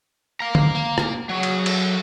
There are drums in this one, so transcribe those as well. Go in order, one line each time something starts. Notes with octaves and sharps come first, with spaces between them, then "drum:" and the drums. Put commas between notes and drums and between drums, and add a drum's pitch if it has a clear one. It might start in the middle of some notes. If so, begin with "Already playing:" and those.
F5 A#5
drum: tom
A#3
drum: rim click
F#3 G#4 C#5
drum: cymbal
A4, drum: cymbal